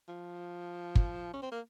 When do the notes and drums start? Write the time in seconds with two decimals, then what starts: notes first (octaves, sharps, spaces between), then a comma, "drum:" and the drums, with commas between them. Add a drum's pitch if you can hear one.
0.09 F3
0.95 drum: kick
1.33 C#4
1.43 C4
1.52 A#3